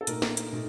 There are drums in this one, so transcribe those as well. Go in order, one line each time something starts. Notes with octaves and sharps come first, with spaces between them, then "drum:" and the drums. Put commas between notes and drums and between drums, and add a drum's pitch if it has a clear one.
A4
A#2 A3 D#4 A#4, drum: hi-hat
drum: snare
drum: hi-hat
A#2 A3 D#4